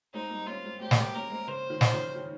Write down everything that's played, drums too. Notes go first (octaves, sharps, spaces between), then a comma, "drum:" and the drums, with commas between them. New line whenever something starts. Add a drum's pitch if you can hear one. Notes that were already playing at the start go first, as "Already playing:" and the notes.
G#3 C4 D#4
G3 A#3
A#3 C#4 F4
G#3 C4
G#3 C4 G4
A#3, drum: snare
G#3 C4
A#3 C#4 A#4
G#3 C4
C#3 C5
D#3
C5, drum: snare
C#3 F3
D#3